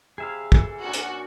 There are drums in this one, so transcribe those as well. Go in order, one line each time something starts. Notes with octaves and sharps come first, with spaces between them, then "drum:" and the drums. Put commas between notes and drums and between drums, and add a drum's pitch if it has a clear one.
C3 G#4 E5 F5 B5
E3 A4, drum: kick
A#2 C#4 D4 F#4
drum: hi-hat